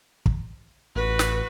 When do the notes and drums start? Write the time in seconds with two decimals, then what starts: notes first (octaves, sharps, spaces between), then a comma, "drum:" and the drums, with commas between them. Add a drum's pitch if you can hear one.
0.26 drum: kick
0.96 A1 F#4 B4
1.19 drum: snare